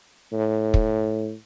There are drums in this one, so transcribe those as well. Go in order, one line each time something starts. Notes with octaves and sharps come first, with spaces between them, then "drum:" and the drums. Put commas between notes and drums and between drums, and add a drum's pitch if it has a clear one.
A2
drum: kick